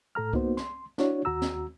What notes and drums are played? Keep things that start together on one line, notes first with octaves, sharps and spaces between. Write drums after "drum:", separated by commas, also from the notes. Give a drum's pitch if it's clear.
A2 A4 A#5 F6
A#3 B3 D#4 F#4 C5, drum: kick C2
C6, drum: snare
D4 E4 F#4 C#5, drum: snare
D#2 F#4 A#5 E6
drum: snare